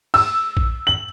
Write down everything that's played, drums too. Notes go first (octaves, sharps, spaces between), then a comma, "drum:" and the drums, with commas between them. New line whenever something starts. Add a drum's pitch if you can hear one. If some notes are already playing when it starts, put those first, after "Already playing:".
E6, drum: cymbal
drum: kick
F#7